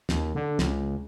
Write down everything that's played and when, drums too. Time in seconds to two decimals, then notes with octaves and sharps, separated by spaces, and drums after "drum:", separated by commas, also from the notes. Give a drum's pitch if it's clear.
0.09 D#2, drum: snare
0.35 D3
0.59 C#2, drum: snare